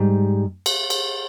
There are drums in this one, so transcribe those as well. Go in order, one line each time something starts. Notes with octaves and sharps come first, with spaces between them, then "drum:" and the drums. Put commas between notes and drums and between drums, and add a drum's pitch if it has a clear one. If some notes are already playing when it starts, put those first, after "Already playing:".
Already playing: G#2 G3
drum: cymbal
drum: cymbal